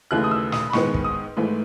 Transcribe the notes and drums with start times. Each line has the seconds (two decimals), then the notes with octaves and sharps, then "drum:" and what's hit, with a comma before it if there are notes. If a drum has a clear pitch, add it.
0.11 D#2 C#3 E3 A3 F#6
0.24 D#6
0.31 E6
0.52 D#6, drum: snare
0.70 B5
0.73 G#2 D#3 G#3 B3 C#6, drum: snare
0.94 drum: kick
1.04 D#6
1.37 G#2 E3 A3